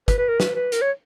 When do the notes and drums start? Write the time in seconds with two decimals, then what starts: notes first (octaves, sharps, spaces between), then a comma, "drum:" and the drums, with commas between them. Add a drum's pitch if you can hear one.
0.08 B4, drum: kick, hi-hat
0.18 B4
0.29 A#4
0.40 B4, drum: snare
0.55 B4
0.72 A#4, drum: hi-hat
0.82 C#5